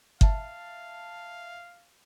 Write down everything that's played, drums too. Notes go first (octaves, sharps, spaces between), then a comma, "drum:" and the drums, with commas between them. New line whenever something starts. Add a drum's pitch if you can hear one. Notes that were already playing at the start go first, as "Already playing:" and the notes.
E5 F5 A5, drum: kick G1